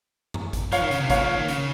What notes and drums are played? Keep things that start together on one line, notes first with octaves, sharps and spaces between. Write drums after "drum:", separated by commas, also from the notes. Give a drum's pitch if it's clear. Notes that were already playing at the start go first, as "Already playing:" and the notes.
drum: tom F#2
drum: kick, hi-hat
F3 C#5 F5, drum: hi-hat
D#3
C#3, drum: hi-hat
C3
A#2 C#5 F5, drum: kick, hi-hat
F3
D#3
C#3, drum: hi-hat